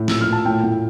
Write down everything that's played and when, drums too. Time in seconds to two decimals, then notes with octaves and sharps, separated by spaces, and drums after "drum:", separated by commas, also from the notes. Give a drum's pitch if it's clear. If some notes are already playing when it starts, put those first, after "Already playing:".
Already playing: A2
0.08 A#2 E6, drum: snare
0.21 F6
0.27 A#2
0.32 A5
0.45 A2 G5
0.64 A2